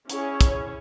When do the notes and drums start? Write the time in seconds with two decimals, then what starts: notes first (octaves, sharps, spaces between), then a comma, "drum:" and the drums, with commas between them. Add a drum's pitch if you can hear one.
0.10 C#4 E4 G#4 C#5, drum: hi-hat
0.41 drum: kick, hi-hat